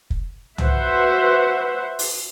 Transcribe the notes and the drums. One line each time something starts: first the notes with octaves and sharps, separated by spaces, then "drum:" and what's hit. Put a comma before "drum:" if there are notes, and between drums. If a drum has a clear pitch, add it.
drum: kick
F#4 B4 C5 E5 F#5, drum: tom
drum: open hi-hat